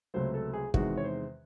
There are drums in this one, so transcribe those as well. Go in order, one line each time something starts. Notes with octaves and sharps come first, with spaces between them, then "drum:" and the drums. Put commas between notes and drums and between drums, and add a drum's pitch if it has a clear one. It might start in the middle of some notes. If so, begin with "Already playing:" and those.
C#2 C3 F#3 A3 C5
A4
G#4
E2 C3 D#3 G#3 F#4, drum: kick
C#5
C5